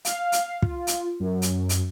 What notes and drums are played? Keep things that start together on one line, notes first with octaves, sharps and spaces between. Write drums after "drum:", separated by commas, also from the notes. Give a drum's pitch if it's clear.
F5, drum: hi-hat
drum: hi-hat
F4, drum: kick
drum: hi-hat
F#2
drum: hi-hat
drum: hi-hat